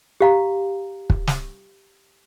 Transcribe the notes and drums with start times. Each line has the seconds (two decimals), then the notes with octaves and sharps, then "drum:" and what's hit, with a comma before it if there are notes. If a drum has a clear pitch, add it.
0.21 G4 F5 A#5
1.10 drum: kick
1.27 drum: snare